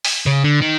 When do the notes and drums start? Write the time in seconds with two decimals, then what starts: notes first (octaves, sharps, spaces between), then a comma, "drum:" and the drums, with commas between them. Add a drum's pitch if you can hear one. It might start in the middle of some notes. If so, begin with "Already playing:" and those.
0.05 drum: open hi-hat
0.26 C#3
0.44 D3
0.62 D#3